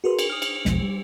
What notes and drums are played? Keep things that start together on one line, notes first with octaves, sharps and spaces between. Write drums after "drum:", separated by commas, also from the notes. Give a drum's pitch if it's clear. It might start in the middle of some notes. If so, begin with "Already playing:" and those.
F#4 G#4 A#4 B4 C6
drum: cymbal
D#6 F6
drum: cymbal
A#1 E2 B2 F3 G#3, drum: snare
G3